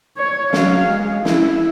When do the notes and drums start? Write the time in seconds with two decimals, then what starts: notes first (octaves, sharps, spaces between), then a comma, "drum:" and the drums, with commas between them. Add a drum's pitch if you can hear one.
0.18 C#5
0.53 F#3 F5, drum: snare
0.85 G#3
1.25 E4, drum: snare